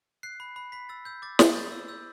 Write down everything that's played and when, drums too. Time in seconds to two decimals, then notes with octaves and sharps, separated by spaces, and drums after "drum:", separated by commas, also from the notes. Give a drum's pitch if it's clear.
0.23 F#6 C7
0.40 B5
0.56 B5
0.72 B5 B6
0.89 E6 A6
1.05 E6 G6
1.22 D6 A6
1.39 D6 A6, drum: snare
1.55 G6 A6
1.72 E6
1.88 E6 G6